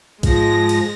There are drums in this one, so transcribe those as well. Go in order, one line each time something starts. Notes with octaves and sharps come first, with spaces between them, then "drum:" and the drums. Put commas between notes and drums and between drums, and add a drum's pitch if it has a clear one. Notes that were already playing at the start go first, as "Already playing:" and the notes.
G#2 F3 G#3 A#6, drum: kick A1, cymbal
drum: cymbal